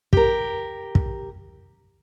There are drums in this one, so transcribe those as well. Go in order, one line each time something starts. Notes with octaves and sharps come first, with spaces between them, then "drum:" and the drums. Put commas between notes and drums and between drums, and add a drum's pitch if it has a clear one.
G4 A#4, drum: kick
drum: kick